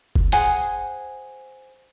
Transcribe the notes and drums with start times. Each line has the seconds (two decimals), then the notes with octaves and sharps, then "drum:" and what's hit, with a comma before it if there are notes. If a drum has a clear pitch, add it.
0.15 drum: kick
0.32 G#4 C5 F#5 G#5, drum: hi-hat